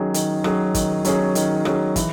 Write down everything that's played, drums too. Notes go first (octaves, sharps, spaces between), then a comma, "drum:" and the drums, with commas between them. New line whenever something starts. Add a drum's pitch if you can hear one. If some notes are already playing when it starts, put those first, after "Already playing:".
Already playing: D#3 F#3 C#4 G#4
D#3, drum: hi-hat
F#3 C#4 G#4, drum: rim click
D#3, drum: kick, hi-hat
F#3 C#4 G#4, drum: hi-hat
D#3, drum: hi-hat
F#3 C#4 G#4, drum: rim click
E3, drum: kick, hi-hat